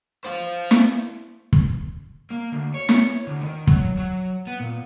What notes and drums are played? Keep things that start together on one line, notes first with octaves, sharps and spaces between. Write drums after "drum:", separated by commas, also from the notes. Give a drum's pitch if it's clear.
F4 C5
drum: snare
drum: kick
A#3
D2
C#5
drum: snare
D2
D#3
F#3, drum: kick
F#3
B3
A#2